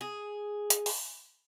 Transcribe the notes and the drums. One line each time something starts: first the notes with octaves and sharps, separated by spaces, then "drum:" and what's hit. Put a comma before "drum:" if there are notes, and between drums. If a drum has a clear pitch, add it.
G#4
drum: hi-hat
drum: open hi-hat